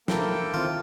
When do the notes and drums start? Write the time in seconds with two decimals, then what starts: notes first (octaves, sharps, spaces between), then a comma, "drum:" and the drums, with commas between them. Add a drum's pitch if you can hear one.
0.08 A#3 E4 A4 A#4 G5, drum: snare
0.54 D#3 C4 F4